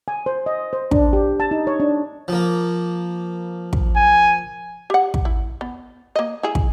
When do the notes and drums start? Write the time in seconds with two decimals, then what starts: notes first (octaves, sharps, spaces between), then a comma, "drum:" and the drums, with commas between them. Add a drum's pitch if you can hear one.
0.08 G#5
0.26 C5
0.46 D#5
0.73 C5
0.91 D4, drum: kick
1.13 G4
1.40 A5
1.51 D#4
1.67 C#5
1.80 D4
2.28 F3 A#3
3.73 drum: kick
3.96 G#5
4.90 G4 F#5
5.14 drum: kick
5.25 E4
5.61 B3
6.16 A#3 D#5
6.43 E4 G#4
6.55 drum: kick